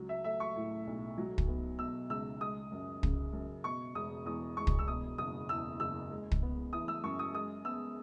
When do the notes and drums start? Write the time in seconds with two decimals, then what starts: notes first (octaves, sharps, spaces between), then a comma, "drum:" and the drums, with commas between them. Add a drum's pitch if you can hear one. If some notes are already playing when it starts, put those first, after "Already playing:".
Already playing: C#2 F#3
0.09 E5
0.24 A3 E5
0.40 C#6
0.56 A2
0.87 B1
1.18 F#3
1.38 drum: kick
1.48 B3
1.78 B2 E6
2.10 C#2 E6
2.40 G#3 D#6
2.71 F#2
3.03 C#3, drum: kick
3.33 F#2
3.64 B2 C#6
3.95 E1 D#6
4.25 E2 D#6
4.57 E1 C#6
4.67 drum: kick
4.79 E6
4.88 B2 D#6
5.18 F#1 D#6
5.49 E2 E6
5.80 F#1 E6
6.11 G#3
6.31 drum: kick
6.42 B3
6.73 E3 D#6
6.88 E6
7.03 F#2 C#6
7.19 D#6
7.34 G#3 D#6
7.65 B3 E6